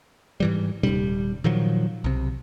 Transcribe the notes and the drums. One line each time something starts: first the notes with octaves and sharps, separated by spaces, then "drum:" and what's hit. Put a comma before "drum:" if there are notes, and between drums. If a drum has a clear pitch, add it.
G#2 E3 G3
D#1 G3, drum: tom C3
A#2 D#3 F3 F#3
B1 C3